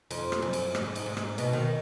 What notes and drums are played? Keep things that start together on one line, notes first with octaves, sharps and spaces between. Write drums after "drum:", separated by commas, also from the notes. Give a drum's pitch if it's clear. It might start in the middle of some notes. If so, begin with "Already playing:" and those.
F2, drum: cymbal
drum: rim click
F#2
drum: cymbal
G#2, drum: rim click
drum: cymbal
G#2
drum: rim click
B2, drum: cymbal
D#3